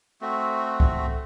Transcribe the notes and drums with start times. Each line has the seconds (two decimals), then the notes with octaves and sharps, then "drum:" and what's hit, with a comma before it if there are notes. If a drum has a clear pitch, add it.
0.22 A3 C4 F#4
0.80 drum: kick C2